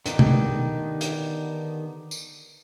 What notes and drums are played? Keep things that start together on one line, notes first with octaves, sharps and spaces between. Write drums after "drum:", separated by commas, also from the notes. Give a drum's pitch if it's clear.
D3 D#3 B3 D#4 G4, drum: hi-hat
drum: tom C3
drum: hi-hat
drum: tambourine